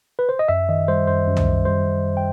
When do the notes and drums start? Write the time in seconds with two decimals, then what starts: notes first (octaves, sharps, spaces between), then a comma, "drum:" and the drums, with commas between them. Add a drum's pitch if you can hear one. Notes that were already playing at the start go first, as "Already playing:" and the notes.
0.19 B4
0.29 C5
0.39 D#5
0.48 F#2 E5
0.69 D#3 D#5
0.88 G3 C5
1.07 F#2 C5
1.27 F#2
1.37 drum: tom
1.46 D#3
1.65 G3 C5
1.85 F#2
2.05 F#2
2.17 G5